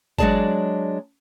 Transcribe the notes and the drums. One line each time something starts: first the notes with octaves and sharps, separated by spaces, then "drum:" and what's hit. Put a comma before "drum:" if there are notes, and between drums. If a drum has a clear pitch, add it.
F#3 G#3 D4 G#4 D5 A5, drum: kick G1